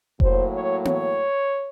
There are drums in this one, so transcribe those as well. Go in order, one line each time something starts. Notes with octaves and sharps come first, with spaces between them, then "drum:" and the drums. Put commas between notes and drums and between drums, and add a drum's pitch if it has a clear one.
A2 F#3 A#3 C5, drum: kick F1
C#5
C#5, drum: tom B3